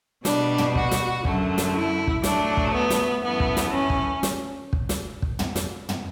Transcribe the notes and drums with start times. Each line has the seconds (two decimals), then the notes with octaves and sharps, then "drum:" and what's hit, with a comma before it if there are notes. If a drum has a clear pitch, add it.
0.25 B2 G3 D4, drum: snare
0.58 drum: tom
0.75 F#4, drum: kick
0.91 drum: snare
1.25 F#2 D3 A3, drum: kick
1.58 drum: snare
1.75 E4
2.07 drum: kick
2.23 A2 F#3 A3 D4, drum: snare
2.57 drum: kick
2.73 B3
2.90 drum: snare
3.23 F#2 E3 A3 B3
3.40 drum: kick
3.57 drum: snare
3.73 C#4
3.90 drum: kick
4.23 drum: snare
4.73 drum: kick
4.89 drum: snare
5.22 drum: kick
5.39 drum: tom
5.56 drum: snare
5.89 drum: tom